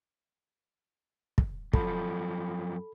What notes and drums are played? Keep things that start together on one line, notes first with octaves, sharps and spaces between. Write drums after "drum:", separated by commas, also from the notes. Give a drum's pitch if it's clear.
drum: kick
F#2 F3 A4 B5, drum: kick